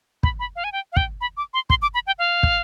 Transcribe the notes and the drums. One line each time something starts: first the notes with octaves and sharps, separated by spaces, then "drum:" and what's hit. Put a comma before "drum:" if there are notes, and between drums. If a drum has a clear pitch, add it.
B5, drum: kick
B5
F5
G#5
G5
F5
G5, drum: kick
B5
D6
C6
C6, drum: kick
D6
B5
G5
F5
drum: kick